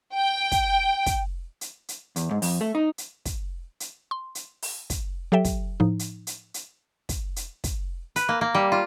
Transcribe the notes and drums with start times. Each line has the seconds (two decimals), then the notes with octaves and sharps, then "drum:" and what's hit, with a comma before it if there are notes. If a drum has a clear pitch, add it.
0.14 G5
0.52 drum: kick, hi-hat
1.06 drum: kick, hi-hat
1.61 drum: hi-hat
1.88 drum: hi-hat
2.16 E2, drum: hi-hat
2.31 G#2
2.42 F2, drum: open hi-hat
2.61 A3
2.75 D#4
2.98 drum: hi-hat
3.25 drum: kick, hi-hat
3.80 drum: hi-hat
4.11 C6
4.35 drum: hi-hat
4.62 drum: open hi-hat
4.90 drum: kick, hi-hat
5.32 F#3 G4 A4 E5 G5
5.45 drum: kick, hi-hat
5.80 A2 F3 D#4
5.99 drum: hi-hat
6.27 drum: hi-hat
6.54 drum: hi-hat
7.09 drum: kick, hi-hat
7.36 drum: hi-hat
7.64 drum: kick, hi-hat
8.16 B4, drum: hi-hat
8.29 A#3
8.41 A#3
8.55 G3
8.72 F4